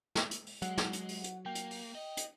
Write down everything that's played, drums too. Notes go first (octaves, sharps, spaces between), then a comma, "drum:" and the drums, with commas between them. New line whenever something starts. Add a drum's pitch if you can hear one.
drum: snare
drum: hi-hat
drum: open hi-hat
F#3 G#3 F#5, drum: hi-hat
drum: snare
drum: hi-hat
drum: open hi-hat
drum: hi-hat
A#3 G5
drum: hi-hat
drum: open hi-hat
D#5
drum: hi-hat